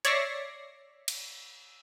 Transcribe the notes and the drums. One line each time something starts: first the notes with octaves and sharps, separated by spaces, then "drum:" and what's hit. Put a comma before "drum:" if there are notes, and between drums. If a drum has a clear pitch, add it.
C#5 D5 E5 C#6 A#6 C7, drum: hi-hat
drum: cymbal